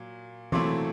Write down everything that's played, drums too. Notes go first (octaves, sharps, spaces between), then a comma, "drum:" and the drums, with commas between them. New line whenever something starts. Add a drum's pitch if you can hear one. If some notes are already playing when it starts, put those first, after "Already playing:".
Already playing: A#2 F#3
A#2 F#3 A3 C4 E4 C6 D6, drum: tom E3